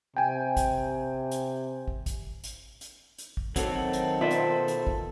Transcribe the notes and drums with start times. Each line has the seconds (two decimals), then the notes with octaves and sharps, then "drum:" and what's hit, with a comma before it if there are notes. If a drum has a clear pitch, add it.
0.16 C3 G5 G#5
0.57 drum: kick, hi-hat
1.31 drum: hi-hat
1.88 drum: kick
2.06 drum: kick, hi-hat
2.44 drum: hi-hat
2.81 drum: hi-hat
3.18 drum: hi-hat
3.37 drum: kick
3.56 D#3 F#3 C4 F#4 A4, drum: kick, hi-hat
3.93 drum: hi-hat
4.21 B2 F4 B4 C5 D5 E5
4.31 drum: hi-hat
4.68 drum: hi-hat
4.87 drum: kick